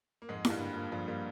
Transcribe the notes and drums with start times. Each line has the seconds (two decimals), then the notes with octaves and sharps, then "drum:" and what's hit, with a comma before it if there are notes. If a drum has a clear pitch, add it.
0.22 A#3
0.29 F2 G#2 G#3
0.45 A#3, drum: snare E4
0.50 G2 G3
0.60 D3
0.71 F3
0.76 A#3
0.92 G2 F3 G3
1.08 G3 A#3